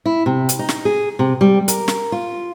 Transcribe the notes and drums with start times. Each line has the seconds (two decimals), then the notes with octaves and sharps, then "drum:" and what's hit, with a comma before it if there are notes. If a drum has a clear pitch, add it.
0.06 E4
0.26 C3
0.49 drum: hi-hat
0.59 D#4
0.69 drum: snare
0.85 G#4
1.19 C3
1.41 G3
1.68 A#4, drum: hi-hat
1.88 drum: snare
2.12 F4